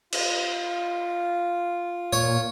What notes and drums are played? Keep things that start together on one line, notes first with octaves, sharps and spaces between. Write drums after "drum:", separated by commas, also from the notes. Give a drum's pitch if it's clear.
F4, drum: cymbal
A#2 C#5